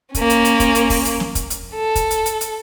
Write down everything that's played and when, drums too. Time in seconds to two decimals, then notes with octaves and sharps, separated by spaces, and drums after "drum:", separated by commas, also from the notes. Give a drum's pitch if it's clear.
0.15 A#3 C#4, drum: kick, hi-hat
0.30 drum: hi-hat
0.45 drum: hi-hat
0.60 drum: kick, hi-hat
0.75 drum: hi-hat
0.90 drum: kick, open hi-hat
1.05 drum: hi-hat
1.20 drum: snare
1.35 drum: kick, hi-hat
1.50 drum: hi-hat
1.74 A4
1.95 drum: kick, hi-hat
2.11 drum: hi-hat
2.26 drum: hi-hat
2.41 drum: hi-hat